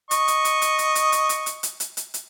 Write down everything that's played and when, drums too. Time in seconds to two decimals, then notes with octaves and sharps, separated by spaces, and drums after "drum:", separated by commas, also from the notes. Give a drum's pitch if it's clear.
0.11 D#5 C#6, drum: hi-hat
0.28 drum: hi-hat
0.45 drum: hi-hat
0.62 drum: hi-hat
0.78 drum: hi-hat
0.95 drum: hi-hat
1.12 drum: hi-hat
1.29 drum: hi-hat
1.46 drum: hi-hat
1.63 drum: hi-hat
1.80 drum: hi-hat
1.97 drum: hi-hat
2.14 drum: hi-hat